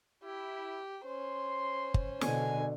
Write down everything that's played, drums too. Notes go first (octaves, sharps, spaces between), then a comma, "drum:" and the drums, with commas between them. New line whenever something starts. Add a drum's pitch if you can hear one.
E4 G4
C#4 C5 C6
drum: kick G1
B2 D3 G#3 G#5, drum: snare